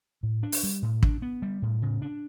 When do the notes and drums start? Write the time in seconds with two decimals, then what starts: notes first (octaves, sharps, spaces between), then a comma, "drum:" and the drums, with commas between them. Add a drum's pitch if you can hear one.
0.23 A2
0.43 D4
0.52 drum: open hi-hat
0.63 G3
0.82 A2
1.03 D4, drum: kick
1.22 B3
1.42 G3
1.62 A2
1.82 C#3
2.02 D4